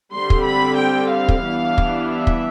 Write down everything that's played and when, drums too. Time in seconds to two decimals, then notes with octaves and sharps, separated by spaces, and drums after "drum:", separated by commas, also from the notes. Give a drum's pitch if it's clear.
0.13 D3 G3 C4 C6
0.30 drum: kick
0.47 B5
0.80 G5
1.12 F5
1.28 drum: kick
1.45 E3 G3 B3 D4
1.78 drum: kick
2.10 E5
2.27 drum: kick